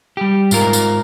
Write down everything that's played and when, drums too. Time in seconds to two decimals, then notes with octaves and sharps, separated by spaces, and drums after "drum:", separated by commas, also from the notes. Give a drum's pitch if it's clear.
0.17 G3 G4
0.51 G#2 F4 A#4, drum: tambourine
0.73 drum: tambourine